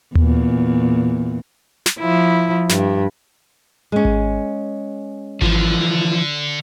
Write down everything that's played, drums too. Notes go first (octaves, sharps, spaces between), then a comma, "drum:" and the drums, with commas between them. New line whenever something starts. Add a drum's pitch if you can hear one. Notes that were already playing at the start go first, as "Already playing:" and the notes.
E2 A#2, drum: tom D#2
drum: snare
F3 E4
G2, drum: snare
G#3 C#4
drum: kick G#1
D3 E3 F3, drum: kick G#1